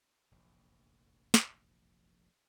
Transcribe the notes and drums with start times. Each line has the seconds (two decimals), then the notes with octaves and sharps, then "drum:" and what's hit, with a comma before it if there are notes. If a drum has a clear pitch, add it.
0.31 F1 A#1 E2
1.34 drum: snare